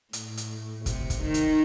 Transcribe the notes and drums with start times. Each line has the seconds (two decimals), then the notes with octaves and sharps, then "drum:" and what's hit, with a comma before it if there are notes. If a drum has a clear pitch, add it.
0.13 A2, drum: hi-hat
0.37 drum: hi-hat
0.86 C3, drum: kick, hi-hat
1.10 drum: kick, hi-hat
1.22 D#3
1.34 drum: hi-hat